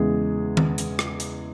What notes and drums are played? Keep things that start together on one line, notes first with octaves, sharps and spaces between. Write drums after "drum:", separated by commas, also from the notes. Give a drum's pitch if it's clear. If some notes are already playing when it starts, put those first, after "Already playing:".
Already playing: E2 C#3 E3 G#3 G#4
drum: tom D#3
drum: hi-hat
drum: rim click
drum: hi-hat